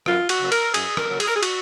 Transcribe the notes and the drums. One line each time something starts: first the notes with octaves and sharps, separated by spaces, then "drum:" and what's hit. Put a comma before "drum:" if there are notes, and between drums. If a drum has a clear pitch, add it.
F#2 F4, drum: rim click
F#4, drum: cymbal
C#3 F#3 A#3
A#4, drum: cymbal
F#2 G#4, drum: cymbal
A#4, drum: rim click
C#3 F#3 A#3
G#4, drum: cymbal
A#4
G#4
F#4, drum: cymbal